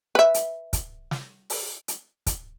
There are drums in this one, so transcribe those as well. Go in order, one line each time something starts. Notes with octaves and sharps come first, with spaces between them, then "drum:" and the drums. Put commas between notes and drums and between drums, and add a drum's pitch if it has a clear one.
B4 E5
drum: hi-hat
drum: kick, hi-hat
drum: snare
drum: open hi-hat
drum: hi-hat
drum: kick, hi-hat